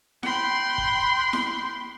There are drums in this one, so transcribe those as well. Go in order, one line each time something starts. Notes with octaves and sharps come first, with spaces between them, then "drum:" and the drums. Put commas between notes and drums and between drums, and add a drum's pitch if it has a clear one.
G5 B5 C6 F#6, drum: snare E4
drum: kick
drum: snare E4